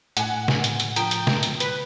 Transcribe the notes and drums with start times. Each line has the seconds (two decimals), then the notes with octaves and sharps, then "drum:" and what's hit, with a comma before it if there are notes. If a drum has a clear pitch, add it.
0.17 A2 F#5 G#5, drum: hi-hat
0.48 drum: snare
0.64 drum: hi-hat
0.80 drum: hi-hat
0.96 F3 G5 A#5, drum: hi-hat
1.11 drum: hi-hat
1.27 drum: snare
1.43 drum: hi-hat
1.60 B4, drum: hi-hat